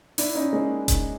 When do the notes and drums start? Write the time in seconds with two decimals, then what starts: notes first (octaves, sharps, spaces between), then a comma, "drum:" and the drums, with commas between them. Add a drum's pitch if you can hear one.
0.18 D4 E4, drum: open hi-hat
0.35 C#4 D#4
0.53 G#3 A#3
0.88 drum: kick D#1, hi-hat